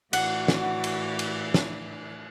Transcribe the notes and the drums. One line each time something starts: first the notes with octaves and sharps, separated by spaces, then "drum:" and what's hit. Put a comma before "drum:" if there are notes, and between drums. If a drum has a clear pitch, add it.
A2 E3 F#4 D5 F#5, drum: cymbal
drum: snare
drum: cymbal
drum: cymbal
drum: snare